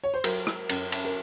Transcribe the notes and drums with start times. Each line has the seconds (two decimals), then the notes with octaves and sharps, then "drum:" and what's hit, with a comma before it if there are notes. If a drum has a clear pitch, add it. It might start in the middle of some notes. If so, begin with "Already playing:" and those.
0.04 C#5
0.14 C5
0.24 F#3 A#4, drum: cymbal
0.47 drum: rim click
0.69 F#2, drum: cymbal
0.92 drum: cymbal
1.05 A#4